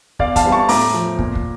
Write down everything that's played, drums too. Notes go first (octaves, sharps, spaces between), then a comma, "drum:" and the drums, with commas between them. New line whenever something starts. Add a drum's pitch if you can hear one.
E2 D5 F5, drum: kick
F5 A5, drum: kick, hi-hat
E3 G3
A5 C#6
A2 A#5 D6, drum: open hi-hat
F3
A#2, drum: kick
drum: kick